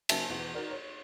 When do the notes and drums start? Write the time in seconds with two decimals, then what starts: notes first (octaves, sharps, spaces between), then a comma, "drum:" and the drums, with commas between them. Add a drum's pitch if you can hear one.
0.09 C#3 F#3 A#3 E5 G#5 A5, drum: cymbal
0.30 E2 B2 E3
0.54 D#4 F#4 A#4 D5
0.71 C#5